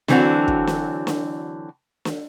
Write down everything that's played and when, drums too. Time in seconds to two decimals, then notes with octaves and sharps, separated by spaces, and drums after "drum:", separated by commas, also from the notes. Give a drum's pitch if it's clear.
0.08 D3 E3 F#3 C4 D4 F#4, drum: snare
0.48 drum: kick
0.67 drum: snare
1.07 drum: snare
2.05 drum: snare